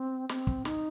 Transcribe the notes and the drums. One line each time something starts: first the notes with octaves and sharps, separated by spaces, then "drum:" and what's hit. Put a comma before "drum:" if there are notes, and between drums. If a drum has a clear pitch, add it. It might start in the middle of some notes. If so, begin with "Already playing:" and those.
Already playing: C4
C4, drum: snare
drum: kick
D#4, drum: snare